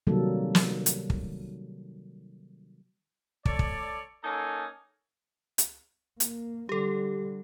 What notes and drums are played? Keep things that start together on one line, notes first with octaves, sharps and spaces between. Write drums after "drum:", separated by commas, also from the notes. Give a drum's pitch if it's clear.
C3 D#3 F#3 G3 A#3 A4
drum: snare
drum: hi-hat
drum: kick
A4 C#5 D5, drum: kick
drum: kick
A#3 C#4 D#4 A4 G#5
drum: hi-hat
A#3, drum: hi-hat
D3 G3 G4 A4